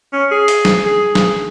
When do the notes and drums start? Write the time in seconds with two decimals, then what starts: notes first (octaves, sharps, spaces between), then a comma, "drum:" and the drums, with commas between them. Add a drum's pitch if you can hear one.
0.13 C#4
0.31 G#4
0.48 drum: open hi-hat
0.65 drum: snare
0.86 G#4
1.15 drum: snare